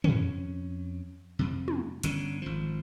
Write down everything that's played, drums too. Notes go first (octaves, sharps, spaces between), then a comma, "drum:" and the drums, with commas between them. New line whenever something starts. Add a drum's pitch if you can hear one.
F2 C#4, drum: tom
F2 C3
drum: tom
G1 D3 C#4, drum: hi-hat
G#1 F3